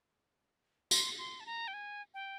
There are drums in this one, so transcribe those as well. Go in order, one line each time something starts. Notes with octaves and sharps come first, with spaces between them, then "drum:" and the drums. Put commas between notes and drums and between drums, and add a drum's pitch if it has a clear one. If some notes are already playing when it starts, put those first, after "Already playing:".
C6, drum: tambourine
C6
A5
A#5
G5
G#5
G5